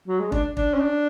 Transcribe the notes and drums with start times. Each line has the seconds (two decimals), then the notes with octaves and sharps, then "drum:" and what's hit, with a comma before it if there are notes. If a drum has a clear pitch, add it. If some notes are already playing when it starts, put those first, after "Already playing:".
0.08 F#3
0.20 G#3
0.32 D4, drum: kick
0.57 D4, drum: kick
0.74 C#4
0.81 D4